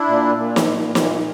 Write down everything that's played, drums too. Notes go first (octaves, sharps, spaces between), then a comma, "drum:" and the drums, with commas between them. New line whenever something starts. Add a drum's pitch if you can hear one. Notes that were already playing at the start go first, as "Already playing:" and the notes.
Already playing: D4 E4
A#2
A#2
drum: snare
A#2
A#2, drum: snare